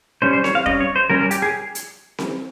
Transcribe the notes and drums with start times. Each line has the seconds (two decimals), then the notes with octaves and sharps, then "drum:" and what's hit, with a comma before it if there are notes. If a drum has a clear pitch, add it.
0.22 G3 C#4 C5
0.33 C5
0.44 C#5, drum: snare C4
0.55 F5
0.66 G3 C#4 D#5, drum: kick F1
0.80 C#5
0.96 C5
1.10 G3 C#4 A#4
1.21 A#4
1.31 G4, drum: hi-hat
1.42 G#4
1.75 drum: hi-hat
2.18 drum: snare C4